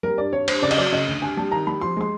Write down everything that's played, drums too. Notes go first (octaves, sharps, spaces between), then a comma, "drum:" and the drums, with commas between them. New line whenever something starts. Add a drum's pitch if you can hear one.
G3 A#4
G2 D5
G2 C#5
G2 C5, drum: cymbal
C#3 D5
D#5, drum: cymbal
F#3 D5
C#3 D#5
D2
G2 G#5
G3 A5
D#3 A#5
G3 B5
F3 C6
G#3 C6